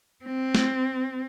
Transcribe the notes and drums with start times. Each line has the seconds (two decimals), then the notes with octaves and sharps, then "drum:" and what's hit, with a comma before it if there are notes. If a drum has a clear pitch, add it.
0.25 C4
0.55 drum: snare